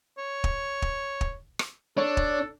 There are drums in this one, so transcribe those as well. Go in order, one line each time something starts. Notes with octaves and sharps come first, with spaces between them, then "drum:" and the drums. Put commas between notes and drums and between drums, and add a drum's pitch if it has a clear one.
C#5
drum: kick
drum: kick
drum: kick
drum: rim click
D4 A4 C#5
drum: kick